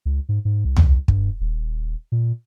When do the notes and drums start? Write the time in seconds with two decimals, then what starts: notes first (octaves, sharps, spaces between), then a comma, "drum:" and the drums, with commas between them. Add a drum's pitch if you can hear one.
0.06 C#2
0.29 G#2
0.45 G#2
0.65 C2
0.77 drum: tom
1.08 G2, drum: kick
1.41 D#1
2.12 A#2